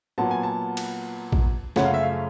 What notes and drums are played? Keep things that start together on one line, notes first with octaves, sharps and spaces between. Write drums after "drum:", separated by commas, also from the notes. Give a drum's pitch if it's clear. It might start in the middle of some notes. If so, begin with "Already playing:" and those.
A#2 F#3 B3 A5
G#5
A5
drum: cymbal
drum: kick
F#2 C#3 F3 A3 C#4 F#5, drum: snare
F5
E5
F5